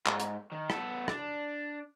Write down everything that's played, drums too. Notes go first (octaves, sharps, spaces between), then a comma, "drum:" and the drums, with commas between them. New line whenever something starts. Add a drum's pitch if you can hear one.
G#2, drum: clap
drum: hi-hat
D#3
B3 A4, drum: rim click
D4, drum: rim click